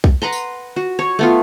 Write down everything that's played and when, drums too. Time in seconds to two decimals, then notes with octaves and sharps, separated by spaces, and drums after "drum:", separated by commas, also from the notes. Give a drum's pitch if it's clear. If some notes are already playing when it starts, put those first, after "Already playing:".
0.04 drum: kick B1
0.22 B4 F#5 A#5 C6
0.33 drum: tambourine
0.76 F#4
0.99 C#5
1.19 A3 B3 F4